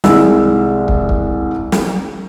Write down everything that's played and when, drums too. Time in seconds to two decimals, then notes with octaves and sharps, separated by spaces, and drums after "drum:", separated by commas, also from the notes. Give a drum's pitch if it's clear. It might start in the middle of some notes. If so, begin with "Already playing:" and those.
0.04 C2 G#3 E6, drum: snare
0.88 drum: kick
1.09 drum: kick
1.72 drum: snare